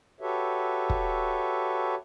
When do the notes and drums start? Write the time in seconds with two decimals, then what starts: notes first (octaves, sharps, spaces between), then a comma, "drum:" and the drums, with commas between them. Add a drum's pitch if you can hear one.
0.20 F#4 G4 A4 B4 C#5 E5
0.90 drum: kick